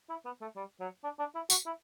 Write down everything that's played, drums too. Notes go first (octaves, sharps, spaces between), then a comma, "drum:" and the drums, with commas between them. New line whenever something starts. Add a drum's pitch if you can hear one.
E4
B3
A3
G3
F#3
D4
D4
E4
F#4, drum: tambourine
E4